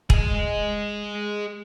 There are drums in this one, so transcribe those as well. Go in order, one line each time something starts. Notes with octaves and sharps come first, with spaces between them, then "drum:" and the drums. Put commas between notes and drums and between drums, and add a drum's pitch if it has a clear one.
G#4 D#5, drum: kick